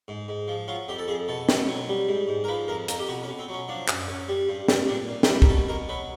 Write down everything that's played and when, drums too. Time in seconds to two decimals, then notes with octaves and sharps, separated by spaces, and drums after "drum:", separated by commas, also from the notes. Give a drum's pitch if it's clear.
0.08 G#2
0.28 G#2
0.48 F3
0.68 F#3 F4
0.88 F2 G4
0.98 A4
1.08 F2 G#4
1.28 B2 A4
1.49 B2, drum: snare
1.68 F#3
1.89 G3
2.08 G#2
2.28 G#2
2.44 A#4
2.48 F3 B4
2.68 F2 A#4
2.88 F2 A#4, drum: hi-hat
2.99 G4
3.08 B2 F#4
3.23 C#4
3.28 B2
3.39 C4
3.49 F#3 C#4
3.68 F3 D4
3.88 F#2, drum: clap
4.08 F#2
4.28 G3
4.49 G2
4.68 G2, drum: snare
4.89 A#2 D4
5.09 A#2
5.23 D#4, drum: snare
5.28 G3 E4
5.42 A#4, drum: kick
5.49 B2 A4
5.69 B2 A#4
5.89 F#3 B4